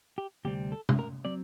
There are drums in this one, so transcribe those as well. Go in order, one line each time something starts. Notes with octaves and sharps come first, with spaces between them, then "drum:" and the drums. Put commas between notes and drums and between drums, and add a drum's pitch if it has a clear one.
G4
D2 C3 G3 C4 G4
A4
drum: tom C3
A#4
F#3 C4 D5